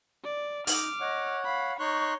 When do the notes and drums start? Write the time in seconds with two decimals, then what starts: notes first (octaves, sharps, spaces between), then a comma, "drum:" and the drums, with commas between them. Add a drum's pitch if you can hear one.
0.24 D5
0.67 D#4 D6 F6, drum: open hi-hat
1.00 C#5 D#5 F#5
1.45 F5 B5
1.79 D#4 C#5 C6 C#6 F#6